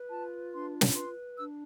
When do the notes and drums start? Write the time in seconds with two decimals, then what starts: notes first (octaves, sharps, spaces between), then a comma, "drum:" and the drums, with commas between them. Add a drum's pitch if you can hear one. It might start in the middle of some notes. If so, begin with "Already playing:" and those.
Already playing: B4
0.10 F4 A5
0.53 D4 C6
0.81 drum: snare
0.95 B4 C6
1.37 D4 E6